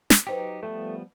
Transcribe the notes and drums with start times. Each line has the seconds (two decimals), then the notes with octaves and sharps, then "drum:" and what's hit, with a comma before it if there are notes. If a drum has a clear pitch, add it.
0.10 drum: snare
0.27 F#3 D#4 G4 B4 C5 G5
0.63 F3 G3 A3 B3